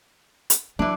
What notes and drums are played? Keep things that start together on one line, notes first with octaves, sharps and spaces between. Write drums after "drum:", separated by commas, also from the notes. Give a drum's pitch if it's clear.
drum: hi-hat
E3 F#3 D4